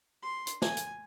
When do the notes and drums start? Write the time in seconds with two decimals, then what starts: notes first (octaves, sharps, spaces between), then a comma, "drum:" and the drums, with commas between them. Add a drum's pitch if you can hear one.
0.23 C6
0.47 drum: hi-hat
0.62 G#5, drum: snare
0.77 drum: hi-hat